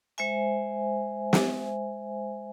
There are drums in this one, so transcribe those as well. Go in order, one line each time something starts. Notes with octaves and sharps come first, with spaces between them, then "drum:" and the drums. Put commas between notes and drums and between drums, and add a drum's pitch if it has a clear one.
G#3 C5 E5 G#5
drum: snare